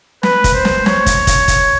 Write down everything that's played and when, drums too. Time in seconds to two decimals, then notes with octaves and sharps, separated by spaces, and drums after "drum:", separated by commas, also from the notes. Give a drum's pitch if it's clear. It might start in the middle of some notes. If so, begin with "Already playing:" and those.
0.23 B4, drum: snare
0.44 drum: kick, hi-hat
0.54 C5
0.65 drum: snare
0.86 C#5, drum: snare
1.06 drum: kick, hi-hat
1.27 drum: kick, hi-hat
1.48 drum: kick, hi-hat